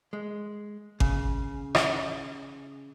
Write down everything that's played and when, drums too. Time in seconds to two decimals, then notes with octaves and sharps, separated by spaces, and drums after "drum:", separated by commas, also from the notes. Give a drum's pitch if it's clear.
0.13 G#3
1.00 C#3, drum: kick G#1
1.75 drum: rim click